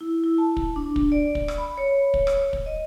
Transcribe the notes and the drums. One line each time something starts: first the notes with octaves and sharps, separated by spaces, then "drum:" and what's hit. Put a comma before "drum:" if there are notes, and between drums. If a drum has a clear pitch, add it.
E4
E4
A5
drum: kick
D4
drum: kick
D5
drum: kick
drum: rim click
B5
C#5
drum: kick
drum: rim click
drum: kick
D#5